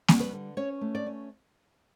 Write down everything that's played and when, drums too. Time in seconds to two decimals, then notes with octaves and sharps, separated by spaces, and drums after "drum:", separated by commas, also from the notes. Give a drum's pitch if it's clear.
0.08 G3, drum: snare A#3
0.20 B4
0.33 D3
0.57 C#4 C#5
0.81 A3
0.95 D5
1.07 C#4